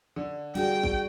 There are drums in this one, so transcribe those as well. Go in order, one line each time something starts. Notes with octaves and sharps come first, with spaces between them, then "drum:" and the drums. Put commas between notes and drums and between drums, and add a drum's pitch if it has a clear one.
D3
G3 D4 F#4 G#4 G5
drum: kick G#1